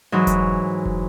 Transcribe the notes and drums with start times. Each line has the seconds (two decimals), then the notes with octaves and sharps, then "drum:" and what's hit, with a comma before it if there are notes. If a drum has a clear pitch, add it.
0.12 G#2 E3 F#3
0.27 drum: kick F1, hi-hat
0.85 drum: kick F1